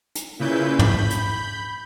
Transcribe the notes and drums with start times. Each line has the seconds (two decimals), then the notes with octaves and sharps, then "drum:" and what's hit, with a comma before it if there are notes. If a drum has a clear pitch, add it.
0.15 drum: hi-hat
0.39 A#2 C#3 E4 B4 G6
0.79 B5 G6, drum: tom
1.10 drum: hi-hat